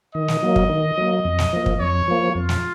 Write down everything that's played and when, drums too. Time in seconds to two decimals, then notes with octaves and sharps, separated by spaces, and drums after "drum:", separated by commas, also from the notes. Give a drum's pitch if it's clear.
0.14 D#3 D#5
0.28 drum: snare
0.42 F#3 A#3
0.56 drum: kick
0.69 D#3
0.98 F#3 A#3
1.25 F2
1.38 drum: snare
1.53 F3 A#3
1.66 drum: kick
1.80 F2 C#5
2.08 F3 A#3
2.35 F2 F4
2.49 drum: snare